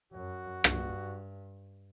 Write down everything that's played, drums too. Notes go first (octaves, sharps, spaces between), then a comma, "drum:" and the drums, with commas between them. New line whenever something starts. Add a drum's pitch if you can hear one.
F#2 F#4
G2, drum: rim click